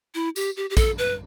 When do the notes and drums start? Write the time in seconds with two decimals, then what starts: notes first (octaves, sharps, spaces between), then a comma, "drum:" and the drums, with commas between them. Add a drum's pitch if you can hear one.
0.15 E4
0.36 G4, drum: tambourine
0.57 G4
0.70 G4
0.77 A4, drum: kick, tambourine
0.98 B4